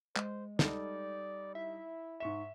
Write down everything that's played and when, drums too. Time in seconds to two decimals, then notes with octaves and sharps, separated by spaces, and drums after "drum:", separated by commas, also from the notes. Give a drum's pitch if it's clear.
0.16 G#3 C5, drum: clap
0.59 G3 D#4 A4 D5, drum: snare
1.55 E4 E5
2.20 G#2 E5 C#6 E7